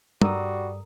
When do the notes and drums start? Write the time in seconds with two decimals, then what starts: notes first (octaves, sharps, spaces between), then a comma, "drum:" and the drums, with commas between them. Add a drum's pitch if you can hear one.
0.22 G2 G3 F#4 A4 A#4 A#5 D#6, drum: tom